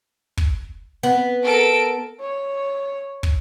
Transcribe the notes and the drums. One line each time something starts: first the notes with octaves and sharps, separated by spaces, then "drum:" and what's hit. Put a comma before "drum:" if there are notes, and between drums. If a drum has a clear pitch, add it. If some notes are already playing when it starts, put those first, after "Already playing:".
drum: kick
B3
A4 A#4 D7
C#5
drum: kick